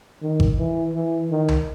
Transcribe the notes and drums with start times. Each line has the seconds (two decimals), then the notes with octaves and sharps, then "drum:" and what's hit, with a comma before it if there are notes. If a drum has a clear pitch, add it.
0.22 D#3
0.40 drum: kick G#1
0.58 E3
0.94 E3
1.31 D#3
1.48 drum: tom C#2